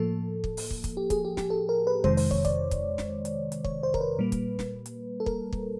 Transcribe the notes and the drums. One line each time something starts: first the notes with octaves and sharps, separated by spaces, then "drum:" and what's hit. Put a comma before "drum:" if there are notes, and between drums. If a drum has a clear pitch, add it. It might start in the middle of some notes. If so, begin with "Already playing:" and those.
Already playing: A2 F3 A#3 A4
drum: kick
drum: open hi-hat
drum: kick
drum: kick, hi-hat
G4
G#4, drum: kick, hi-hat
G4
G4, drum: snare
A4
A#4
B4
F2 C3 D#3 G#3 C5, drum: kick
C5, drum: open hi-hat
C#5, drum: kick
D5, drum: kick, hi-hat
drum: kick, hi-hat
drum: snare
drum: hi-hat
drum: hi-hat
C#5, drum: kick
C5
A#4, drum: kick
B4
A#2 G3 A#3
drum: kick, hi-hat
drum: snare
drum: hi-hat
A4
A#4, drum: kick
drum: kick